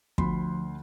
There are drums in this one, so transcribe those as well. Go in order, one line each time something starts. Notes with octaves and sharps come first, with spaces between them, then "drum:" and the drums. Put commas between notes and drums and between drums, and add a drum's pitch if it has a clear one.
D2 F3 B5 C6, drum: kick